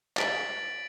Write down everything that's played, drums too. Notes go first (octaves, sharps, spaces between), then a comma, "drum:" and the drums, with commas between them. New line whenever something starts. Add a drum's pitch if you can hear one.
A6 B6 D7 F#7, drum: clap